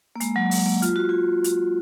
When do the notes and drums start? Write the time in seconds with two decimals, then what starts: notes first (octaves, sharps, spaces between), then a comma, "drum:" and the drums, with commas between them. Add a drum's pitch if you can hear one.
0.16 A#3
0.20 G#3, drum: hi-hat
0.36 F#3
0.51 G#3, drum: open hi-hat
0.66 A#3
0.82 F4, drum: hi-hat
0.96 F#4
1.09 F4
1.44 drum: hi-hat